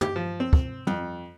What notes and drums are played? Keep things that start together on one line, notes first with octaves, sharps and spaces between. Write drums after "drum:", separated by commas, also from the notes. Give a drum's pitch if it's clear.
G4, drum: tom
F3
C4
drum: kick
F2, drum: tom